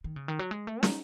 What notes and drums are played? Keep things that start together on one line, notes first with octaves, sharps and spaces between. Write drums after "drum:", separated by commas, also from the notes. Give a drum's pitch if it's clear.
D#3
C#3
D#3
F#3
G#3
A3
D#4, drum: snare